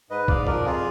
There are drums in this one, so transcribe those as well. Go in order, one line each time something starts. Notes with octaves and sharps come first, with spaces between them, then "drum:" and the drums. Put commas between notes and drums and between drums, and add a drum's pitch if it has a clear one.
G#2 B4 D#5
G#2 D5 F5, drum: kick B1
F3 A#4 D5, drum: tom
F2 F4 G#4